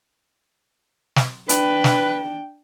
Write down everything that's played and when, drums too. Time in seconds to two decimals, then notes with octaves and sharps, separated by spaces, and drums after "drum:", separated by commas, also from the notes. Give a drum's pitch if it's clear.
1.16 drum: snare
1.49 D4 B4 G5, drum: hi-hat
1.84 drum: snare